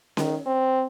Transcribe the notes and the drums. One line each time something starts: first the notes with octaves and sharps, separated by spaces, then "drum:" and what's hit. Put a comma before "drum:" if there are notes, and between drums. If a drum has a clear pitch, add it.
D#3, drum: snare C#4
C4